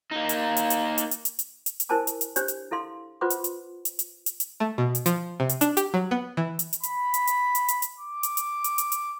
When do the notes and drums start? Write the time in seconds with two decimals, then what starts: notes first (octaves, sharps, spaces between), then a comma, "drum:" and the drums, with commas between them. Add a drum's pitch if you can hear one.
0.12 A#3 D#4
0.29 drum: hi-hat
0.57 drum: hi-hat
0.70 drum: hi-hat
0.98 drum: hi-hat
1.11 drum: hi-hat
1.25 drum: hi-hat
1.39 drum: hi-hat
1.66 drum: hi-hat
1.80 drum: hi-hat
1.89 E4 A#4 C5 G#5 A5 D6
2.07 drum: hi-hat
2.21 drum: hi-hat
2.36 D4 G4 C5 C#5, drum: hi-hat
2.48 drum: hi-hat
2.71 E4 A4 F5 C6
3.21 F4 B4 C5 F#5 C6 D6
3.30 drum: hi-hat
3.44 drum: hi-hat
3.85 drum: hi-hat
3.99 drum: hi-hat
4.26 drum: hi-hat
4.40 drum: hi-hat
4.60 A3
4.78 B2
4.95 drum: hi-hat
5.06 F3, drum: hi-hat
5.40 C3
5.49 drum: hi-hat
5.61 D4, drum: hi-hat
5.77 G4, drum: hi-hat
5.94 F#3
6.11 B3
6.37 E3
6.59 drum: hi-hat
6.73 drum: hi-hat
6.83 B5, drum: hi-hat
7.14 drum: hi-hat
7.27 drum: hi-hat
7.55 drum: hi-hat
7.68 drum: hi-hat
7.82 drum: hi-hat
7.99 D6
8.23 drum: hi-hat
8.37 drum: hi-hat
8.64 drum: hi-hat
8.78 drum: hi-hat
8.92 drum: hi-hat